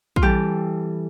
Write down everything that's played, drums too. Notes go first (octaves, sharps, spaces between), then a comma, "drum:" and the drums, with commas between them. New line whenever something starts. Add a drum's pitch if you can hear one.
F4, drum: kick
E3 G3 C4 E4 G4 A4